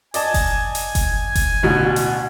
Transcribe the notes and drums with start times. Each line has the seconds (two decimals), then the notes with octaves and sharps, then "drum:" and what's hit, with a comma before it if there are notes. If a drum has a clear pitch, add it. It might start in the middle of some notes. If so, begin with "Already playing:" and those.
0.14 D5 D#5 G#5 A5, drum: hi-hat
0.34 drum: kick F#1, open hi-hat
0.75 drum: hi-hat
0.95 drum: kick F#1, hi-hat
1.35 drum: kick F#1, hi-hat
1.63 A1 D2 B2
1.96 drum: hi-hat